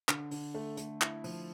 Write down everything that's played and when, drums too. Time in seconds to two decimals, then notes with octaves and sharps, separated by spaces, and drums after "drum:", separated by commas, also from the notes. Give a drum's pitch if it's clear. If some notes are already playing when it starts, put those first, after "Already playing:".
0.09 D3, drum: clap
0.31 D3, drum: open hi-hat
0.54 A3
0.77 A3, drum: hi-hat
1.01 E4, drum: clap
1.24 F3, drum: open hi-hat